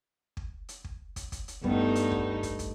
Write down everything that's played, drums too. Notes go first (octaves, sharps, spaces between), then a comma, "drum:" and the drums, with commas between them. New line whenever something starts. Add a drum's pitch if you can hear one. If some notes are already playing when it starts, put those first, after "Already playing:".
drum: kick
drum: hi-hat
drum: kick
drum: kick, hi-hat
drum: kick, hi-hat
drum: hi-hat
G2 G3 A3 B3 D#4, drum: kick
drum: hi-hat
drum: kick
drum: kick, hi-hat
drum: kick, hi-hat